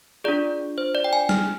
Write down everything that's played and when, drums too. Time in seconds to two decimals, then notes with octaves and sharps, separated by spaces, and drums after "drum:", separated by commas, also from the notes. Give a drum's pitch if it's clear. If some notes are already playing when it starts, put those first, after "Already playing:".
0.24 D4 F4 G#4 D5
0.78 C5
0.95 D5
1.04 G5
1.13 G#5
1.29 F6, drum: snare